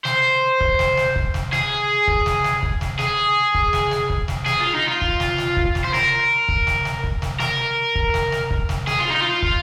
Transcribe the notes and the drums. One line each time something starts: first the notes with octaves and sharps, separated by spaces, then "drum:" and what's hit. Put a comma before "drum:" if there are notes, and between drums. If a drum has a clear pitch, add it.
C5, drum: snare
drum: kick
drum: snare
drum: snare
drum: kick
drum: snare
G#4, drum: snare
drum: kick
drum: snare
drum: snare
drum: kick
drum: snare
G#4, drum: snare
drum: kick
drum: snare
drum: snare
drum: kick
drum: snare
G#4, drum: snare
F4
D#4
F4
drum: kick
drum: snare
drum: snare
drum: kick
drum: snare
C5
A#4, drum: snare
drum: kick
drum: snare
drum: snare
drum: kick
drum: snare
A#4, drum: snare
drum: kick
drum: snare
drum: snare
drum: kick
drum: snare
G#4, drum: snare
F4
D#4
F4
drum: kick